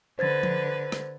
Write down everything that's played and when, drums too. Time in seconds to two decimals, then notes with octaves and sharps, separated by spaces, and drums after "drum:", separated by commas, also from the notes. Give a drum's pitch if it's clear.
0.19 D3 B4 C5 G#6 A6
0.43 drum: tom F3
0.92 drum: rim click